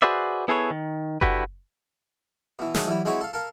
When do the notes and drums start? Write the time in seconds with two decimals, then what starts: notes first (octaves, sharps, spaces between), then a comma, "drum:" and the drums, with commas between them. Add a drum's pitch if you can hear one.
0.02 F#4 G#4 B4 C5 D5 E5
0.48 B3 E4 G#4 A4 B4 C#5
0.71 D#3
1.21 D3 E4 F#4 G4 B4, drum: kick F#1
2.59 B2 E3
2.74 D#3 F#3 G#3 A3 G#4, drum: snare
2.87 E3 F#3 G3 E4
3.05 G#3 C4 E4 F#4 B4 C#5
3.21 A4 F5
3.33 A4 A#4 F5